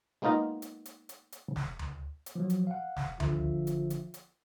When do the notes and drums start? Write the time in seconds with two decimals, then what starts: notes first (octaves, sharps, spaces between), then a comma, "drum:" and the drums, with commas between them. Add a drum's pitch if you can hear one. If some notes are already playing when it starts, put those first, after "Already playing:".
0.22 G#3 A#3 B3 D#4 F4 D#5
0.62 drum: hi-hat
0.85 drum: hi-hat
1.09 drum: hi-hat
1.32 drum: hi-hat
1.56 drum: snare
1.79 drum: tom D2
2.26 drum: hi-hat
2.35 F3 F#3
2.50 drum: hi-hat
2.67 F5 F#5
2.97 drum: snare
3.20 G#1 D3 F3 E5, drum: tom D2
3.67 drum: hi-hat
3.90 drum: hi-hat
4.14 drum: hi-hat